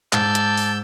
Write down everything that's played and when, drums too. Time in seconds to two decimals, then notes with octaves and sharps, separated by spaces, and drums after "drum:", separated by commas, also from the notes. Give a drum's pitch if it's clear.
0.13 G#2 D5 A5 E6 G6, drum: clap
0.35 drum: hi-hat
0.57 drum: open hi-hat